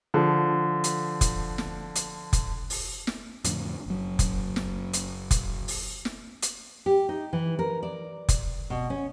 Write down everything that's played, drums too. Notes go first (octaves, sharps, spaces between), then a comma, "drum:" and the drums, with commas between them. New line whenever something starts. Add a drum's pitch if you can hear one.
D3 F3
drum: hi-hat
drum: kick F1, hi-hat
drum: snare
drum: hi-hat
drum: kick F1, hi-hat
drum: open hi-hat
drum: snare
F2 A2 D3, drum: hi-hat
F#1 F#3
drum: kick F1, hi-hat
drum: snare
drum: hi-hat
drum: kick F1, hi-hat
drum: open hi-hat
drum: snare
drum: hi-hat
G4
D#4
E3
A#4
D5
drum: kick F1, hi-hat
B2
C#4